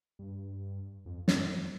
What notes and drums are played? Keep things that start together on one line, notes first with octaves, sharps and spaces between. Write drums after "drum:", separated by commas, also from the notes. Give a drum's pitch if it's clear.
G2
F2
G2, drum: snare